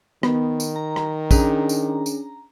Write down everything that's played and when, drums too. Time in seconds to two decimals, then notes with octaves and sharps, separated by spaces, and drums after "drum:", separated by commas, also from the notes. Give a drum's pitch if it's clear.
0.23 D#3 B3, drum: rim click
0.60 drum: tambourine
0.76 A#5
0.96 drum: rim click
1.31 C#4 D4 G#4, drum: kick, tambourine
1.69 drum: tambourine
2.06 drum: tambourine